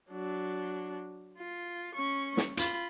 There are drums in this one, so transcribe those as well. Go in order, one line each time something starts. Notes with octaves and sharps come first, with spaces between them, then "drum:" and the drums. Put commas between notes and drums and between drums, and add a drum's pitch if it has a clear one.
F#3 D4
F4
C#4 C#6
drum: snare
F4 B5, drum: hi-hat